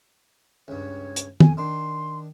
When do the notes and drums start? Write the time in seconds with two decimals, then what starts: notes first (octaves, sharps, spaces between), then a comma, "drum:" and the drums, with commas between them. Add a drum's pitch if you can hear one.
0.68 C#2 G2 C#5
1.16 drum: hi-hat
1.40 F2 G#5, drum: tom D#3
1.57 D#3 D4 C6